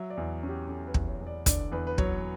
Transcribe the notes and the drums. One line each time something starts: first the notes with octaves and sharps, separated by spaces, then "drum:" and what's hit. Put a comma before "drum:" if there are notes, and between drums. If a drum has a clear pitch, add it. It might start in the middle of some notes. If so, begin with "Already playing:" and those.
Already playing: F#3 E5
D5
E2
C#4
G4
C#4 A4
B4
E2, drum: kick
C#5
E2
D5
D3 D5, drum: kick, hi-hat
E2 B4
B4
F#3 C#5, drum: kick